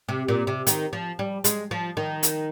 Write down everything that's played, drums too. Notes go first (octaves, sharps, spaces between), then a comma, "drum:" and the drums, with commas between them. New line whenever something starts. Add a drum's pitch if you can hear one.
C3
A#2
C3
D#3, drum: hi-hat
F3
G3
G#3, drum: hi-hat
F3
D#3
drum: hi-hat